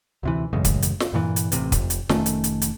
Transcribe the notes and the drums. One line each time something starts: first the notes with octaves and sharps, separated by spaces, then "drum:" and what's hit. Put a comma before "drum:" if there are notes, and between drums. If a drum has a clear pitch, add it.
D2 C3 E3
A1 F#2 C#3 G#3
drum: kick, hi-hat
drum: hi-hat
drum: snare
E2 G2 A#2 E3
drum: hi-hat
A1 C3, drum: hi-hat
F1, drum: kick, hi-hat
drum: hi-hat
F1 D#3 A3 C#4, drum: snare
drum: hi-hat
drum: hi-hat
drum: hi-hat